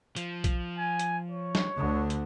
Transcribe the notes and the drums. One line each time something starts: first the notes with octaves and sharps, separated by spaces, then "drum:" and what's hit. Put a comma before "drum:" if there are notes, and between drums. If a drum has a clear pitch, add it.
F3, drum: hi-hat
drum: kick A#1, hi-hat
G#5
drum: hi-hat
C#5
drum: snare
D2 D3
drum: hi-hat